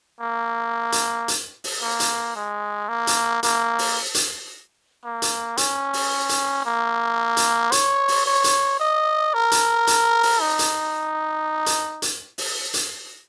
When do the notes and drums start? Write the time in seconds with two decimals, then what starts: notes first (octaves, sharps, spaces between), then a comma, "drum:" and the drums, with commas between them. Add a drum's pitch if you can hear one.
0.21 A#3
0.92 drum: hi-hat
1.28 drum: hi-hat
1.64 drum: open hi-hat
1.82 A#3
2.00 drum: hi-hat
2.36 G#3
2.89 A#3
3.07 drum: hi-hat
3.43 A#3, drum: hi-hat
3.79 drum: open hi-hat
4.15 drum: hi-hat
5.04 A#3
5.22 drum: hi-hat
5.57 C#4, drum: hi-hat
5.93 drum: open hi-hat
6.29 drum: hi-hat
6.66 A#3
7.37 drum: hi-hat
7.72 C#5, drum: hi-hat
8.08 drum: open hi-hat
8.26 C#5
8.44 drum: hi-hat
8.80 D#5
9.34 A#4
9.51 drum: hi-hat
9.87 drum: hi-hat
10.23 drum: open hi-hat
10.41 D#4
10.59 drum: hi-hat
11.66 drum: hi-hat
12.02 drum: hi-hat
12.38 drum: open hi-hat
12.74 drum: hi-hat